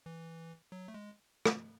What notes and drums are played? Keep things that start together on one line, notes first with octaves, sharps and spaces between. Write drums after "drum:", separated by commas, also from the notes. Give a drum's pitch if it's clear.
E3
F#3
A3
G#3
drum: rim click